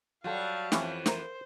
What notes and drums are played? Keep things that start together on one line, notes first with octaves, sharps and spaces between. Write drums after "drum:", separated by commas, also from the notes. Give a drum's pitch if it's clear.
F#3 G3 F4 A4 F5 A5
F2 E3 C#4 E4 G4, drum: snare
A#4 C5 E5, drum: snare